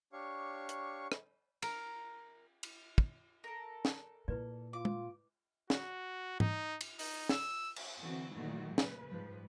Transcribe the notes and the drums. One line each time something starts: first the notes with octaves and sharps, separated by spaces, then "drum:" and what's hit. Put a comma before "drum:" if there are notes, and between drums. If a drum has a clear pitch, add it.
D4 G4 C#5 F5 C#6
drum: hi-hat
drum: rim click
A#4, drum: cymbal
drum: cymbal
drum: kick
A4 A#4
drum: snare
A#2 E4 B4 D5
F4 D6
drum: tom
F#4, drum: snare
D#4, drum: tom G#2
drum: cymbal
D#4, drum: open hi-hat
E6, drum: snare
drum: cymbal
D3 E3 C4 F#4
A#2 D#3 E3 F#3 A3 F#4
C#3 B4, drum: snare
G#2 F3 G3 B4